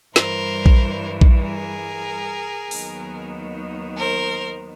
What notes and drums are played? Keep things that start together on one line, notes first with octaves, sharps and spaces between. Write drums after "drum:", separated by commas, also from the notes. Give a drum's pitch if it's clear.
G2 E3 G3 A#4 C5, drum: snare
drum: kick A#1
drum: kick A#1
G#4 A#4
D#2 D#3 F#3 B3 D#4, drum: open hi-hat
A#4 C5